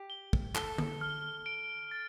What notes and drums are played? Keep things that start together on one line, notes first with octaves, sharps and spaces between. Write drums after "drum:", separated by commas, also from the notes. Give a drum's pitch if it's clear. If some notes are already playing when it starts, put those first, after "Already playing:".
Already playing: G4
G7
drum: kick
A4 G7, drum: clap
drum: tom D3
F6
D7
A6